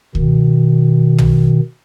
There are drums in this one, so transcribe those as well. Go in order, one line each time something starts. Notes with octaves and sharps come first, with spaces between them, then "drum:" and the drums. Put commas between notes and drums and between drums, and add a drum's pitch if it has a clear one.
B2 D#3, drum: kick C#2
drum: tom